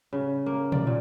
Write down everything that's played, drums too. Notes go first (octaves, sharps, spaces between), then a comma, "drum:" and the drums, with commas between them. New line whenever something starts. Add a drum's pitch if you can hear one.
C#3
A#3
D5, drum: tom A#2
A#2